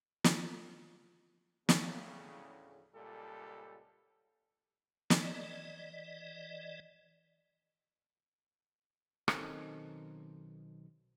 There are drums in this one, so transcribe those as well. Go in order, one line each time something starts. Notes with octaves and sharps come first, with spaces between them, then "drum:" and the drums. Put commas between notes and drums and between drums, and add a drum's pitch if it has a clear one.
F4, drum: snare
D2 A2 C#3, drum: snare
C#2 A#2 G3 A4
E3 D5 D#5, drum: snare
B1 D#3 C4 C#4 A4 D#5, drum: rim click